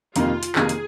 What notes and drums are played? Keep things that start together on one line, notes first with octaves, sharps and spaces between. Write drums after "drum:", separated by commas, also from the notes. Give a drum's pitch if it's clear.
F2 C3 D#3 A#3 D#4 F4, drum: hi-hat
drum: hi-hat
F2 C3 D#3 A#3 D#4 G#4, drum: clap
drum: hi-hat